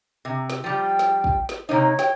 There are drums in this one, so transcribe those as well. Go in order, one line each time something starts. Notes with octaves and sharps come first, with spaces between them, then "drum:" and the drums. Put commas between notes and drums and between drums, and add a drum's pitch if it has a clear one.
C3
drum: snare
F3 G3 G5
drum: snare
drum: kick
drum: snare
C3 A#3 D#4 C#5
G5, drum: snare